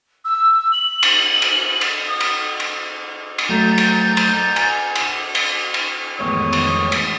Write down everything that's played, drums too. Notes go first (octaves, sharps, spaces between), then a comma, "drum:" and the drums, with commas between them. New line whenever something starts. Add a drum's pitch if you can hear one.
E6
F#7
drum: cymbal
drum: cymbal
drum: cymbal
D#6
drum: cymbal
drum: cymbal
drum: cymbal
F#3 A3 A#5 G6 A6
drum: cymbal
drum: cymbal
G#5, drum: cymbal
drum: cymbal
drum: cymbal
drum: cymbal
A1 F2 D#3 G#3 B3 C#5 D#6
drum: cymbal
drum: cymbal